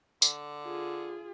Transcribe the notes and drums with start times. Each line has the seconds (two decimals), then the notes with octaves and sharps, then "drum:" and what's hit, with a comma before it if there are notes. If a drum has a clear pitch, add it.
0.22 D3, drum: tambourine
0.64 F4 G#4